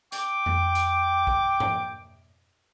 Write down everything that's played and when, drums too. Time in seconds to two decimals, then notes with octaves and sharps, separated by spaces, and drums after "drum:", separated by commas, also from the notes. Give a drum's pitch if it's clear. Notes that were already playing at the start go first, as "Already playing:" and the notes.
0.12 G5 D6, drum: hi-hat
0.46 drum: tom F2
0.75 drum: hi-hat
1.27 drum: kick A#1
1.60 drum: tom G2